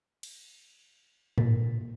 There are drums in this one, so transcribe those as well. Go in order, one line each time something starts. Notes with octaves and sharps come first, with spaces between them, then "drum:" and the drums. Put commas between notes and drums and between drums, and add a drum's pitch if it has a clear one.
drum: cymbal
A#2, drum: tom